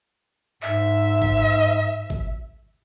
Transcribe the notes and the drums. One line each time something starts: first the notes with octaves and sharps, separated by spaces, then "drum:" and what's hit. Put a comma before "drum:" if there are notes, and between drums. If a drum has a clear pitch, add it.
G#2 E5, drum: clap
drum: kick G#1
drum: kick G#1